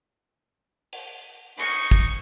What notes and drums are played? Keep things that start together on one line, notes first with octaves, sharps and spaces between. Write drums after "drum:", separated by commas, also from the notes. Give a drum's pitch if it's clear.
drum: open hi-hat
D#4 C#6, drum: cymbal
drum: kick